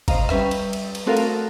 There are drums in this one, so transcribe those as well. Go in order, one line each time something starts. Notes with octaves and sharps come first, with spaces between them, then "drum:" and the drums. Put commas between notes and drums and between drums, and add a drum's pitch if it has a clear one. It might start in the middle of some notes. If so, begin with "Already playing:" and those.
C5 D#5 F5 A#5, drum: kick G#1, cymbal
G3 C#4 B4 E5, drum: rim click
drum: cymbal
drum: cymbal
drum: cymbal
A3 C4 F#4 A4 A#4 F5
drum: cymbal